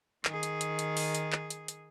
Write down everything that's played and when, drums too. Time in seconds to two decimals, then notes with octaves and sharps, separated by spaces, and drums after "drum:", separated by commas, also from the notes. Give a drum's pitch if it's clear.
0.25 D#3 G#4, drum: clap
0.43 drum: hi-hat
0.61 drum: hi-hat
0.79 drum: hi-hat
0.97 drum: open hi-hat
1.15 drum: hi-hat
1.33 drum: clap
1.50 drum: hi-hat
1.68 drum: hi-hat